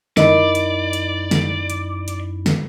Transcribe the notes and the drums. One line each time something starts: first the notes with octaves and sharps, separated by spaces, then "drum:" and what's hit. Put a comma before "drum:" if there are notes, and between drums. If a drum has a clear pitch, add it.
F#2 D#4 E4 A#4 D5 D#5 B5, drum: snare
drum: hi-hat
drum: hi-hat
drum: snare
drum: hi-hat
drum: hi-hat
drum: snare